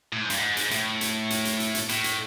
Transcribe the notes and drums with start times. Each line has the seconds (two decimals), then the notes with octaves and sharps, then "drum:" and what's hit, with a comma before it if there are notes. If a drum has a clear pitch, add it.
0.13 A2
0.21 G#2
0.30 G2, drum: hi-hat
0.38 G#2
0.57 drum: hi-hat
0.71 A2, drum: hi-hat
1.01 drum: hi-hat
1.30 drum: hi-hat
1.45 drum: hi-hat
1.60 drum: hi-hat
1.75 drum: hi-hat
1.89 A2, drum: hi-hat
2.04 drum: hi-hat